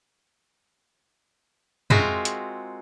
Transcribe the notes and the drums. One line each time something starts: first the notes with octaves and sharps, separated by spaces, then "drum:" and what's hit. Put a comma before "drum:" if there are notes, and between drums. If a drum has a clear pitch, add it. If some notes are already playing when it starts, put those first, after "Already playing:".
G#3 C4 F4 F#4 A#4 E5, drum: tom
drum: hi-hat